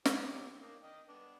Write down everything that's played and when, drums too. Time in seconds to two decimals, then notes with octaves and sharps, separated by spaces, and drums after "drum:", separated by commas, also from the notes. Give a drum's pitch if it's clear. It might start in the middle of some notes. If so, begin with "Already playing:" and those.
0.05 D#4 G4 C#5, drum: snare
0.61 A#3 D4 D#4
0.83 D#5 G5
1.09 B3 D4